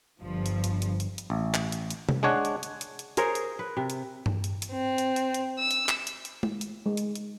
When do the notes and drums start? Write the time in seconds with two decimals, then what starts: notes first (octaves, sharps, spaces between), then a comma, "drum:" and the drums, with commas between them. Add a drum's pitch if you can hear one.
0.20 G1 G2 F3
0.46 drum: hi-hat
0.64 drum: hi-hat
0.82 drum: hi-hat
1.00 drum: hi-hat
1.18 drum: hi-hat
1.30 A1
1.54 drum: clap
1.72 drum: hi-hat
1.90 drum: hi-hat
2.09 drum: tom C3
2.23 G#3 D4 C#5 F#5
2.45 drum: hi-hat
2.63 drum: hi-hat
2.81 drum: hi-hat
2.99 drum: hi-hat
3.17 G#4 A#4 C5 C#5, drum: hi-hat
3.35 drum: hi-hat
3.59 B4
3.77 C3
3.90 drum: hi-hat
4.26 drum: tom G2
4.44 drum: hi-hat
4.62 drum: hi-hat
4.71 C4
4.98 drum: hi-hat
5.16 drum: hi-hat
5.34 drum: hi-hat
5.59 E6
5.71 drum: hi-hat
5.89 drum: clap
6.07 drum: hi-hat
6.25 drum: hi-hat
6.43 drum: tom G#3
6.61 drum: hi-hat
6.86 G#3
6.97 drum: hi-hat
7.15 drum: hi-hat